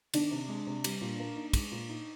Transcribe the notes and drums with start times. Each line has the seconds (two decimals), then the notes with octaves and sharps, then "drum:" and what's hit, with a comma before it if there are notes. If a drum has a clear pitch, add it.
0.14 D#3 D4, drum: cymbal
0.31 C3
0.48 G#3
0.67 C3
0.84 G3, drum: cymbal
1.01 A#2
1.20 A#3
1.36 D#4
1.53 G#3, drum: kick, cymbal
1.72 A#2
1.89 D#4